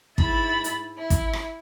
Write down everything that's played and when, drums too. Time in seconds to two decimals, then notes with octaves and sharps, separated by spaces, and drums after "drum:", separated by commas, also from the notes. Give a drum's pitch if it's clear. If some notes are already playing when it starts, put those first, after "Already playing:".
0.18 G#2 E4 B5 A6, drum: kick
0.64 drum: hi-hat
0.98 E4
1.10 drum: kick, hi-hat
1.33 drum: rim click